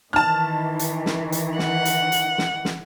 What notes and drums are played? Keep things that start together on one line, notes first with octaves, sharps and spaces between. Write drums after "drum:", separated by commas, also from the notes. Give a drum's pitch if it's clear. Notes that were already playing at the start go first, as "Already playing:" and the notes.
D#3 E3 A5 F6
drum: hi-hat
drum: snare
drum: hi-hat
F#5, drum: snare
drum: hi-hat
drum: hi-hat
drum: snare
drum: snare